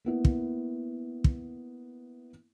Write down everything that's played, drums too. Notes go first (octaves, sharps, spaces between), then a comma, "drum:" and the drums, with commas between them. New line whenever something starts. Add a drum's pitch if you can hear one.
A#3 B3 E4
drum: kick
drum: kick